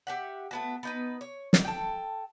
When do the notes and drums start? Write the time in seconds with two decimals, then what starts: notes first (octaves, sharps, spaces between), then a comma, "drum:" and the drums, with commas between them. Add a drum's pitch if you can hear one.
0.07 G4 E5 F#5
0.51 A3 B3 F#4
0.83 B3 D#4 B4
1.21 C#5
1.53 drum: snare
1.65 A4 G5